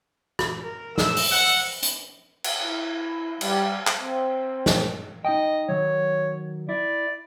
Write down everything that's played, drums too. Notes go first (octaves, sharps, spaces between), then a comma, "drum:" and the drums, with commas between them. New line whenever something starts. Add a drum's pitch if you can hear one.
drum: rim click
A#4
E6, drum: snare
drum: open hi-hat
F#5
drum: hi-hat
drum: cymbal
E4
G3, drum: cymbal
drum: clap
C4
drum: snare
D#4 D#5 G5
D#3 F#3 C#5
E4 D5